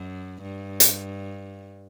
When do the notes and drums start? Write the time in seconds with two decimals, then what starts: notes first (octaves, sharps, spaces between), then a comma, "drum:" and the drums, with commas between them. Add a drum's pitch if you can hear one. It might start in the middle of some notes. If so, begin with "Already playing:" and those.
Already playing: F#2
0.42 G2
0.80 drum: hi-hat